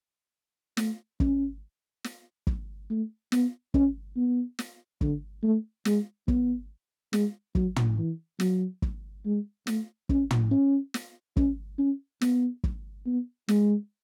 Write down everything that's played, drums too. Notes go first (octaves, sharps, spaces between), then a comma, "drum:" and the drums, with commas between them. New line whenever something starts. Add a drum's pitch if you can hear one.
A3, drum: snare
C#4, drum: kick
drum: snare
drum: kick
A3
B3, drum: snare
C#4, drum: kick
B3
drum: snare
D3, drum: kick
A3
G#3, drum: snare
B3, drum: kick
G#3, drum: snare
F#3, drum: kick
drum: tom
E3
F#3, drum: snare
drum: kick
G#3
A3, drum: snare
C#4, drum: kick
drum: tom
C#4
drum: snare
C#4, drum: kick
C#4
B3, drum: snare
drum: kick
B3
G#3, drum: snare